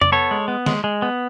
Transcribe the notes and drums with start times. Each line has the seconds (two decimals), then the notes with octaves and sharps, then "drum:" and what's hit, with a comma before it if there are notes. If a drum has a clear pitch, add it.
0.01 D5, drum: tom F2
0.12 B3 A4 C#5
0.31 G#3
0.48 B3
0.66 G#3, drum: snare
0.84 G#3
1.02 B3